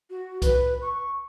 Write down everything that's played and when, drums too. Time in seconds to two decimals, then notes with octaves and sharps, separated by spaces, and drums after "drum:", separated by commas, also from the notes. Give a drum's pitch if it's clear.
0.10 F#4
0.42 B4, drum: kick C2, hi-hat
0.82 C#6